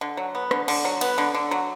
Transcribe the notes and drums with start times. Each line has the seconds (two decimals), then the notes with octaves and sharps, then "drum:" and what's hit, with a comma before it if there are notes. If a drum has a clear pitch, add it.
0.01 D3
0.17 F#3
0.35 B3
0.51 D3, drum: rim click
0.68 D3, drum: cymbal
0.85 F#3
1.01 B3, drum: cymbal
1.18 D3
1.34 D3
1.51 F#3